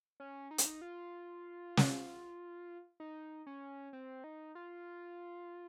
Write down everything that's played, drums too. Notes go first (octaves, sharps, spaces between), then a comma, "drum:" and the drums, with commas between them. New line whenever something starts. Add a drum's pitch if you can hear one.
C#4
D#4
C#4, drum: hi-hat
D#4
F4
drum: snare
D#4
C#4
C4
D#4
F4